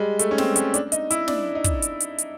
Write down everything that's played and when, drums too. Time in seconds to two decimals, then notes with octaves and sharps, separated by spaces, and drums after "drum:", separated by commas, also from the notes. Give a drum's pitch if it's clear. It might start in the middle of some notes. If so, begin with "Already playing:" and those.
Already playing: G3 G#3
0.19 A3, drum: hi-hat
0.31 C#4
0.38 C4, drum: snare
0.56 C#4, drum: hi-hat
0.74 D4, drum: hi-hat
0.92 D#4, drum: hi-hat
1.10 E4, drum: hi-hat
1.28 D4, drum: snare
1.55 D#4
1.64 drum: kick, hi-hat
1.82 drum: hi-hat
2.00 drum: hi-hat
2.18 drum: hi-hat